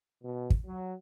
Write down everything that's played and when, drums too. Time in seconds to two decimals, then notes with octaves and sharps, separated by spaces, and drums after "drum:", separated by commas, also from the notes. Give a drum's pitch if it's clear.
0.23 B2
0.50 drum: kick
0.66 F#3